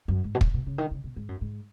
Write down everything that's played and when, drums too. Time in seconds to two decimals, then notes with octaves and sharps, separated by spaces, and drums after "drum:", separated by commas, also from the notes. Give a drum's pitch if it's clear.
0.08 F#2
0.24 G#2
0.35 B2
0.41 A#2, drum: kick
0.54 B2
0.66 C#3
0.78 D#3
0.91 C#3
1.04 B2
1.16 G#2
1.29 F#2
1.41 G#2